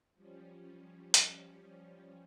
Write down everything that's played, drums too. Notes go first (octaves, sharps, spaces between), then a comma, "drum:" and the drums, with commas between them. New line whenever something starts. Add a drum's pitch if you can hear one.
F3 G3 C#4
drum: hi-hat